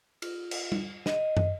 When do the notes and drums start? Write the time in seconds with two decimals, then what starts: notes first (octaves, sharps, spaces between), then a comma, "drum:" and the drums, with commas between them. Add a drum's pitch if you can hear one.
0.22 F4, drum: cymbal
0.51 drum: cymbal
0.72 drum: tom G3
1.06 D#5, drum: snare
1.37 drum: tom F#2